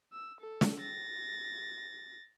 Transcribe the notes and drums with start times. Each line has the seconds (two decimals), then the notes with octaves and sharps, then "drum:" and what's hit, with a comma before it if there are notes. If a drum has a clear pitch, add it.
0.12 E6
0.41 A4
0.61 drum: snare
0.80 A6 A#6